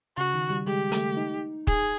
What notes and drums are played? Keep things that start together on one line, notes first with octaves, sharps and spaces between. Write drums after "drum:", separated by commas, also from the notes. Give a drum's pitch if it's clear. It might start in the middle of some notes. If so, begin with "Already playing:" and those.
C#3 F#4
D#3
G3
G#3 G4
A3, drum: hi-hat
D#4
G#4, drum: kick